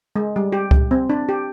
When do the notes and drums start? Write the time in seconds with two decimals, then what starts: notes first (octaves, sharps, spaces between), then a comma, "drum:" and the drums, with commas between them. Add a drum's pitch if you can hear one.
0.16 G#3
0.36 G3
0.52 G4
0.71 drum: kick C#2
0.91 C4
1.10 D4
1.29 G4